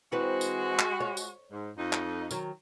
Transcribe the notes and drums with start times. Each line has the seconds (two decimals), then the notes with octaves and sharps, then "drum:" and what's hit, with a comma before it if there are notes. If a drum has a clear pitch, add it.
0.12 E3 G#3 C4 F#4 B4
0.41 drum: tambourine
0.79 drum: clap
1.00 C#5
1.17 drum: tambourine
1.51 G#2
1.77 F2 D#4
1.93 drum: clap
2.31 D#3 F#3, drum: tambourine